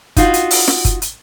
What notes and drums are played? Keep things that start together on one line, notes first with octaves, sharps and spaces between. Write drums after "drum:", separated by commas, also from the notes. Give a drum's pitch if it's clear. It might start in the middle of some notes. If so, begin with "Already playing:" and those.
D#4 F4 F#4, drum: kick F#1, hi-hat
drum: hi-hat
drum: open hi-hat
drum: snare
drum: kick F#1, hi-hat
drum: hi-hat